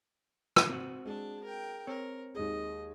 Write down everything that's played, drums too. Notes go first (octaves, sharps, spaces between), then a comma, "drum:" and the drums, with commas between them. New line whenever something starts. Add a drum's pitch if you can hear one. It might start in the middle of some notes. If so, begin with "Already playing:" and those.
drum: rim click
C4 F#4
G#3 D4 A5
A#4 G5
C4 A#4 C#5
D#2 G#3 G#4 D#5